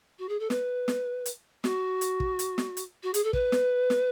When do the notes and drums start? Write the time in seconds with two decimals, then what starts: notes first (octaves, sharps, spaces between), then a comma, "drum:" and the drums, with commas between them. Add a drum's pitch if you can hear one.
0.19 F#4
0.29 G#4
0.40 A4
0.50 B4, drum: snare
0.88 drum: snare
1.26 drum: hi-hat
1.64 F#4, drum: snare
2.01 drum: hi-hat
2.20 drum: kick
2.39 drum: hi-hat
2.58 drum: snare
2.77 drum: hi-hat
3.03 F#4
3.14 G#4, drum: hi-hat
3.24 A4
3.33 B4, drum: kick
3.52 drum: snare
3.90 drum: snare